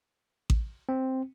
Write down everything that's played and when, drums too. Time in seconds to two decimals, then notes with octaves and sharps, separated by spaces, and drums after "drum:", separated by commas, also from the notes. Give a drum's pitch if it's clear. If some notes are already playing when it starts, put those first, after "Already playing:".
0.50 drum: kick A1
0.89 C4